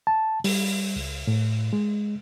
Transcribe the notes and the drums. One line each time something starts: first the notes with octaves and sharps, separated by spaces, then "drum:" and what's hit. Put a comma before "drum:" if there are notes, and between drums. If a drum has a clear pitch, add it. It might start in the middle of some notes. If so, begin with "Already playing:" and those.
A5
G3, drum: open hi-hat
C#2
A2
G#3